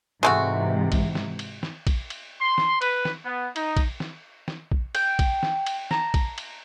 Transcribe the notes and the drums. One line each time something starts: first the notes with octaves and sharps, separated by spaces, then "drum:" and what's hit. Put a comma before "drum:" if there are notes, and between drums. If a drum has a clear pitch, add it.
G#2 C3 E3 G#3 A3 F#4
drum: kick, cymbal
drum: snare
drum: cymbal
drum: snare
drum: kick, cymbal
drum: cymbal
C6
drum: snare
B4, drum: cymbal
drum: snare
B3
D#4, drum: cymbal
drum: kick, cymbal
drum: snare
drum: snare
drum: kick
G5, drum: cymbal
drum: kick, cymbal
drum: snare
drum: cymbal
A5 A#5, drum: snare
drum: kick, cymbal
drum: cymbal